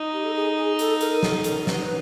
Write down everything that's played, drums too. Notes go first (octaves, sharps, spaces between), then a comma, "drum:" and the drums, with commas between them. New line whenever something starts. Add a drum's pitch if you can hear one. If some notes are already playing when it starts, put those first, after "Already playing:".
Already playing: D#4
G4
A4
G#4
G#4
A4, drum: hi-hat
A#4, drum: hi-hat
A4, drum: snare
A4
A#4, drum: hi-hat
B4, drum: snare